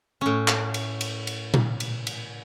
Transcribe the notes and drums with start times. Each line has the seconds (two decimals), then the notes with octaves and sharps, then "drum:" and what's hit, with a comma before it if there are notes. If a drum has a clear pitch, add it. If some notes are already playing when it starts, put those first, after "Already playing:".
0.21 A2 C#4
0.48 drum: clap
0.74 drum: cymbal
1.01 drum: cymbal
1.27 drum: cymbal
1.54 drum: tom A#2
1.80 drum: cymbal
2.07 drum: cymbal